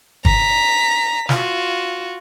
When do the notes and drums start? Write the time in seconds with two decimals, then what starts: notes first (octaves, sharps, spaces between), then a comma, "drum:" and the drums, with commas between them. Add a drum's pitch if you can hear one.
0.25 A#5 B6, drum: kick
1.29 F4 F#4, drum: snare